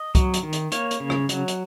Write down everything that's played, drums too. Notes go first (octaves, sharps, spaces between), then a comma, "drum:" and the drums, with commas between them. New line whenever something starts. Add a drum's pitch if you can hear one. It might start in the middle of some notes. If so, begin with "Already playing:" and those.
Already playing: D#5
F#3, drum: kick C2, hi-hat
drum: hi-hat
D#3
drum: hi-hat
A#3 C#5, drum: hi-hat
drum: hi-hat
C#3
drum: rim click
F#3, drum: hi-hat
drum: hi-hat